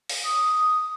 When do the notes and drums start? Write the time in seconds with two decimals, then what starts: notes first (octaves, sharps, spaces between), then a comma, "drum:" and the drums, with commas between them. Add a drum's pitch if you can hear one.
0.09 drum: open hi-hat
0.24 D#6